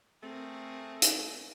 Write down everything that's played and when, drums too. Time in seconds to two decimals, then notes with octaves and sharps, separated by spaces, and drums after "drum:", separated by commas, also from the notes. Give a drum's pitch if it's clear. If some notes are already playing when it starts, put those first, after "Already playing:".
0.23 A3 C4 G#4 A#4
1.02 drum: hi-hat